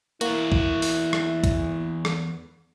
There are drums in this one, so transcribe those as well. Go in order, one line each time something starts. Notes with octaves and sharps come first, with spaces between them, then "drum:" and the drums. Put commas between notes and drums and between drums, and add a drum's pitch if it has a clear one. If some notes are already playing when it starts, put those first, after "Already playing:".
E2 A#3 E4 F#4, drum: hi-hat
drum: kick
drum: open hi-hat
drum: rim click
drum: kick, hi-hat
drum: rim click